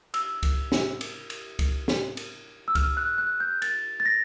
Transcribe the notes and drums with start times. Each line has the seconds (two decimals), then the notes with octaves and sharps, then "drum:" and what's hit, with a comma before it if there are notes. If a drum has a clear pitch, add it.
0.14 E6, drum: cymbal
0.43 drum: kick C#2, cymbal
0.72 drum: snare
1.01 drum: cymbal
1.30 drum: cymbal
1.59 drum: kick C#2, cymbal
1.88 drum: snare
2.17 drum: cymbal
2.68 E6
2.75 F6, drum: kick C#2, cymbal
2.97 F#6
3.18 F#6
3.40 G6
3.62 A6, drum: cymbal
4.00 A6
4.06 A#6